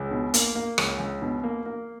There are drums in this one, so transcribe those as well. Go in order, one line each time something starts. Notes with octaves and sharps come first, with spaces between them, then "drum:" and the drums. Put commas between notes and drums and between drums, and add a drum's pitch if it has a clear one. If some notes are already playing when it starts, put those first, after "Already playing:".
Already playing: C#2
B2
A#3, drum: hi-hat
A#3
C#2, drum: rim click
C#2
B2
A#3
A#3